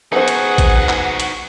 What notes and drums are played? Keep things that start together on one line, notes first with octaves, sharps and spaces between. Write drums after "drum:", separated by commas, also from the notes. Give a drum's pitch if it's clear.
B3 D#4 F#4 G#4 C5 F#5
drum: hi-hat
drum: kick A1, hi-hat
drum: clap
drum: hi-hat